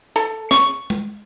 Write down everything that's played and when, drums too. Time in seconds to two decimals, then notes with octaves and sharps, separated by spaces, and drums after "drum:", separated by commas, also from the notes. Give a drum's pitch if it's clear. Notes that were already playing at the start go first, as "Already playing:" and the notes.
0.16 A4
0.51 C#6, drum: snare
0.90 drum: tom